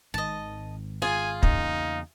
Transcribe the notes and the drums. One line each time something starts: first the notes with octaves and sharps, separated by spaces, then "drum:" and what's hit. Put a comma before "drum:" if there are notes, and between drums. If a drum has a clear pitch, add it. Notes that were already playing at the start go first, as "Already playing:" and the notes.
G#1 G#2 D#3 D#5 A5
F4 G#4 G#5
E2 C#3 A#3 D#4, drum: kick